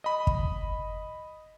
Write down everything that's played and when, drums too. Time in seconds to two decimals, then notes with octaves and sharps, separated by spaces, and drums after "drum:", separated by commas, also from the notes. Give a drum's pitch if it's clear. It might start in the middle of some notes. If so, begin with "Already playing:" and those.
0.04 D#5 B5
0.27 drum: kick